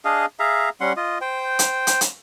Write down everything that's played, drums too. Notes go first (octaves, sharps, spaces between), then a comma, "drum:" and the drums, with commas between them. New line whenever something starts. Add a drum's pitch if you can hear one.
D4 G#4 D#5 F5
G#4 E5 F5 A#5
G3 C#4 F#5 C6
F4 D#5
C5 G5
drum: hi-hat
drum: hi-hat
drum: hi-hat